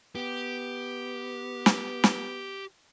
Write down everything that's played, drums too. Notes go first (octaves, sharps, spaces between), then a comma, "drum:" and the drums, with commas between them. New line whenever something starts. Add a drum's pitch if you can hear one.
B3 G4
drum: snare
drum: snare